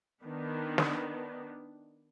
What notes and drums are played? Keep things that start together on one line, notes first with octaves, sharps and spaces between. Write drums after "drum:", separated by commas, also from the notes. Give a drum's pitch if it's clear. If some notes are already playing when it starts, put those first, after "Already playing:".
D#3 B3 D4
drum: snare